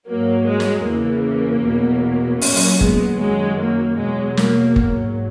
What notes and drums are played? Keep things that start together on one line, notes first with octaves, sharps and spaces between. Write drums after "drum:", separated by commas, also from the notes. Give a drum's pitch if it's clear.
G#2 F#3 A#3
G#3
drum: snare
E2 C#3 E3 A#3
E2 B2 F#3
A#2 F#3 A#3 C#4, drum: open hi-hat
drum: open hi-hat
G#3 B3, drum: kick F#1
F#2 D#3 F#3 G#3
A#3
E2 B2 F#3 G#3
A#3, drum: snare
G#2 F#3, drum: kick F#1